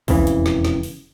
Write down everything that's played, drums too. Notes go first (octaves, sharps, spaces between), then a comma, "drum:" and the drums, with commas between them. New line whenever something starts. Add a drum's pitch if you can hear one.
E1 F2 C#3 E3, drum: kick B1, open hi-hat
drum: hi-hat
drum: snare
drum: snare
drum: open hi-hat